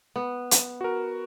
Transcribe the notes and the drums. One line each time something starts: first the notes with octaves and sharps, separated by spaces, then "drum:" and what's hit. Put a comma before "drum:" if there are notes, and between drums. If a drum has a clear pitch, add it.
B3
drum: hi-hat
F#4 A#4